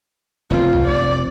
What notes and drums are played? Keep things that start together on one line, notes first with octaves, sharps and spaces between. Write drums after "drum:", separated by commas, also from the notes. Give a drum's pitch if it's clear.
F1 C4 F4
drum: kick B1
D5